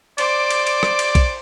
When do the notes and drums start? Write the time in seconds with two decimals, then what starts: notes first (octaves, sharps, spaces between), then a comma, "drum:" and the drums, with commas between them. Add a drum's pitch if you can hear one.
0.18 C5 D5 D6, drum: cymbal
0.50 drum: cymbal
0.67 drum: cymbal
0.83 drum: rim click
0.99 drum: cymbal
1.15 drum: kick, cymbal